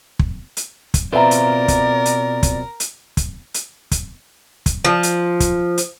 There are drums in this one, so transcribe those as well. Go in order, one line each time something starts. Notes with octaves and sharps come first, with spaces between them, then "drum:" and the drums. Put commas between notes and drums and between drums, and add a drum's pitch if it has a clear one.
drum: kick
drum: hi-hat
drum: kick, hi-hat
B2 C4 F4 A#4 B4 D5 E5 A#5
drum: hi-hat
drum: kick, hi-hat
drum: hi-hat
drum: kick, hi-hat
drum: hi-hat
drum: kick, hi-hat
drum: hi-hat
drum: kick, hi-hat
drum: kick, hi-hat
F3
drum: hi-hat
drum: kick, hi-hat
drum: hi-hat